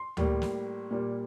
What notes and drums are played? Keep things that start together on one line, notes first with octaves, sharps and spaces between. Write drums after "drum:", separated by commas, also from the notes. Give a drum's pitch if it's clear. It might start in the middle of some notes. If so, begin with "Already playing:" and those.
Already playing: C6
A2 G3 A#3, drum: tom D2
drum: snare
A#2 G3 A#3